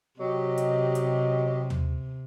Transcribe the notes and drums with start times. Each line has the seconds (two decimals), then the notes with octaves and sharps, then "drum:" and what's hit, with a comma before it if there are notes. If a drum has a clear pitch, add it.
0.20 C3 F#3 G4 D#5
0.58 drum: hi-hat
0.95 drum: hi-hat
1.70 drum: tom D#2